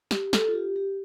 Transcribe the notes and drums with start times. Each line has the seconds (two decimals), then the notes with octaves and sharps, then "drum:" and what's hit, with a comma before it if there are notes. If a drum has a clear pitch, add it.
0.11 G4, drum: snare
0.33 A4, drum: snare
0.48 F4
0.54 G4
0.76 G4